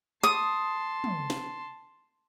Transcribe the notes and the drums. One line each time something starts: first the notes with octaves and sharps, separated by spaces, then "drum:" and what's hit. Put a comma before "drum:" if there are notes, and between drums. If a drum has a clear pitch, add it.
A5 C6 D#6
drum: tom
drum: snare